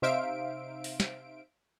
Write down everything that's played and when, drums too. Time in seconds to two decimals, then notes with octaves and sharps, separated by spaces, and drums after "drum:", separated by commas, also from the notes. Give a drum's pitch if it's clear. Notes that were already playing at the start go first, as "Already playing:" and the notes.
0.02 C3 D#4 C5 E5 F5 D7
0.84 drum: open hi-hat
1.00 drum: snare